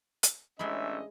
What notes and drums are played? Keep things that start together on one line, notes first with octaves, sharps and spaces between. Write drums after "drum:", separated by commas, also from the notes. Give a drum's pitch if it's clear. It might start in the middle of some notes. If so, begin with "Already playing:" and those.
drum: hi-hat
A1 G#3 C#4 D4 D#5 E5 B5